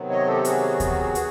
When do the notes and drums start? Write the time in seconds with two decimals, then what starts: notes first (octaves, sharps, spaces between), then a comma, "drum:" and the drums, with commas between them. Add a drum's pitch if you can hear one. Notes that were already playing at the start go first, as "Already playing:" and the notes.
Already playing: C3 D#3 F#3 B3
0.10 C#5 D#5
0.27 G4 A4
0.45 F#4 G#4, drum: hi-hat
0.80 drum: kick D#2, hi-hat
1.15 drum: hi-hat